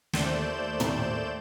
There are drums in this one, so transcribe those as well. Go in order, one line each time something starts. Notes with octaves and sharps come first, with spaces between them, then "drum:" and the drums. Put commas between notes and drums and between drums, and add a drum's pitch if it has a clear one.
D#2 A3 C5 D5 G6 E7, drum: snare
drum: tom